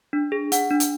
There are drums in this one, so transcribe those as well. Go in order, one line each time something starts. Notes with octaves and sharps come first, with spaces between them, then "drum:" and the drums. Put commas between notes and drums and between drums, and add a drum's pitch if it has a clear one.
D4
G#4
D4 F#5, drum: hi-hat
D4
drum: hi-hat